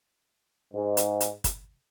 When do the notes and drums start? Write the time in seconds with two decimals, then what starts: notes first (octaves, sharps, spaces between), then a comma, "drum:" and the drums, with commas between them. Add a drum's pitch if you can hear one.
0.73 G#2
0.97 drum: hi-hat
1.21 drum: hi-hat
1.44 drum: kick, hi-hat